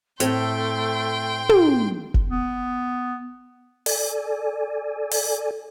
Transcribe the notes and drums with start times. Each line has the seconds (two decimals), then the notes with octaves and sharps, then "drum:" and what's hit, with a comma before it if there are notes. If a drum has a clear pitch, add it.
0.20 A2 A3 C4 G5 C6, drum: hi-hat
1.49 drum: tom
2.14 drum: kick
2.29 B3
3.86 A4 D5 G#5, drum: open hi-hat
5.11 drum: open hi-hat